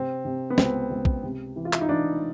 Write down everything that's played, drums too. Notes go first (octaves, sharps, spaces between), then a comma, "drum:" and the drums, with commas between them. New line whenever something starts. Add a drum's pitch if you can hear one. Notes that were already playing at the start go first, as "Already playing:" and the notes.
Already playing: C3 C4
C3
B3
C#2 C4, drum: snare
C#2
drum: kick
C3
E3
F4
E4, drum: clap
D#4
E3 D4